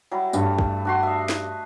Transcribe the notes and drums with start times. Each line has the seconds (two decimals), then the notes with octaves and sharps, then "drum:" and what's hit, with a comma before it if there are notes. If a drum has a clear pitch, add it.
0.11 F#3 G3 E4
0.33 G2 G3 A3, drum: tambourine
0.59 drum: kick
0.85 D4 F#4 C6
1.03 D#5 E5
1.29 drum: snare